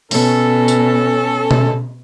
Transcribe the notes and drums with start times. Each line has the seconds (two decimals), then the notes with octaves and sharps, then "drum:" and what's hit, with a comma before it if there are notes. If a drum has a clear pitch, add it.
0.11 B2 C#4 A4, drum: open hi-hat
0.68 drum: tambourine
1.51 drum: tom B2